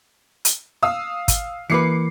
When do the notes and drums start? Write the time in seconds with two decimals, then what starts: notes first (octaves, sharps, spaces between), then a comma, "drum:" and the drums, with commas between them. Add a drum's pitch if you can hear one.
0.45 drum: hi-hat
0.83 F5 D#6 E6
1.28 drum: kick, hi-hat
1.70 E3 A#3 B4 D6 C7 C#7